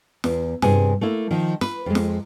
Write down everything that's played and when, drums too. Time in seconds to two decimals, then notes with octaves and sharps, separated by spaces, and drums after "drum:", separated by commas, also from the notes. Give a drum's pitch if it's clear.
0.24 E2, drum: snare
0.62 G2 C3 G#4 G#5, drum: snare
1.01 A3 A#3 E4
1.31 D#3 F3
1.61 B4, drum: snare
1.86 F2 G#3
1.95 drum: snare